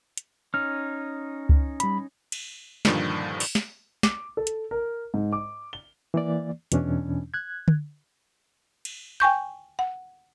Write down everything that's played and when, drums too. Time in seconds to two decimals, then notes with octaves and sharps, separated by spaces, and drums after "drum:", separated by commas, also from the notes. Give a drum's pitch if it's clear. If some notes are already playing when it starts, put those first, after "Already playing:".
0.18 drum: hi-hat
0.54 C#4 D#4 F6
1.49 drum: kick C#2
1.80 G3 B5, drum: hi-hat
2.32 drum: cymbal
2.85 G2 A#2 D3 D#3 F3, drum: snare
3.40 drum: open hi-hat
3.55 drum: snare
4.03 D6, drum: snare
4.37 A4
4.47 drum: hi-hat
4.71 A#4
5.14 G#2
5.33 D6
5.73 G7
6.14 E3 A#3 D5
6.72 E2 B2 E3 C#4 D4, drum: hi-hat
7.34 F#6 G#6
7.68 drum: tom
8.85 drum: cymbal
9.20 G5 G#5 C#6 G6
9.79 F#5